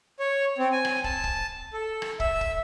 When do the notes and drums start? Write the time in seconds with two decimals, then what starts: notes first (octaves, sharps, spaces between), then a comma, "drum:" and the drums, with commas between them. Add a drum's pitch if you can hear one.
0.19 C#5
0.58 C4
0.72 G#5
0.85 drum: rim click
1.04 A5, drum: kick
1.24 drum: kick
1.73 A4
2.02 drum: rim click
2.20 E5, drum: kick
2.41 drum: kick